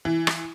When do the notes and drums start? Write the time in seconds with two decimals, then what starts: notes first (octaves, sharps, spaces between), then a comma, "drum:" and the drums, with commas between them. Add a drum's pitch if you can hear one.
0.05 E3
0.27 drum: rim click